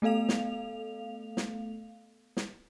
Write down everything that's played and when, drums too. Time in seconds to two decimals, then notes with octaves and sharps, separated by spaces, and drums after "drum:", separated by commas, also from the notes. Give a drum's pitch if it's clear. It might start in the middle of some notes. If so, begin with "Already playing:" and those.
0.02 A3 B3 A4 F5 F7
0.29 drum: snare
1.37 drum: snare
2.37 drum: snare